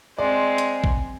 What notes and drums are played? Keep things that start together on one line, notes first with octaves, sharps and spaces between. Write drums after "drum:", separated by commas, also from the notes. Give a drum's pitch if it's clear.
G#3 C4 D5
drum: hi-hat
drum: kick A#1